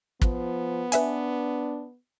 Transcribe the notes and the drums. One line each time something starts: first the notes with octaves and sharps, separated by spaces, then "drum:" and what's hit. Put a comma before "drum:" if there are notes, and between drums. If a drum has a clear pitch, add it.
F3 B3, drum: kick
D4 B4 E5 G#5, drum: hi-hat